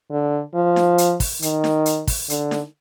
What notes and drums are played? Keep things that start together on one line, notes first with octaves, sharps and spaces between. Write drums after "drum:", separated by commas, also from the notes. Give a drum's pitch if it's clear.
D3
F3
drum: snare D#4
drum: hi-hat
drum: kick, open hi-hat
D#3, drum: hi-hat
drum: snare D#4
drum: hi-hat
drum: kick, open hi-hat
D3, drum: hi-hat
drum: snare D#4